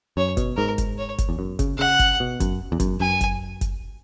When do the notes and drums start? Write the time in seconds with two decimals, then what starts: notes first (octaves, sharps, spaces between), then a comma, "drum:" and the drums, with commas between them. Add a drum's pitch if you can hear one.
0.17 F#2 C#5
0.37 B2, drum: kick F#1, hi-hat
0.57 G#2 A#4
0.78 drum: kick F#1, hi-hat
0.98 C#5
1.18 drum: kick F#1, hi-hat
1.29 E2
1.39 F#2
1.59 C#3, drum: kick F#1, hi-hat
1.79 C#3 F#5
1.99 drum: kick F#1, hi-hat
2.20 B2
2.40 F#2, drum: kick F#1, hi-hat
2.72 E2
2.80 F#2, drum: kick F#1, hi-hat
3.00 F#2 G#5
3.21 drum: kick F#1, hi-hat
3.61 drum: kick F#1, hi-hat